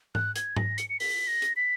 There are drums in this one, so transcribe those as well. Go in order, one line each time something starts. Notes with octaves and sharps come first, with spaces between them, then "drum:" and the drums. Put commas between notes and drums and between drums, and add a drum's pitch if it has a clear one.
F#6, drum: tom G#2
G#6, drum: hi-hat
A#6, drum: tom G#2
C#7, drum: hi-hat
C#7
B6, drum: open hi-hat
A#6
drum: hi-hat
B6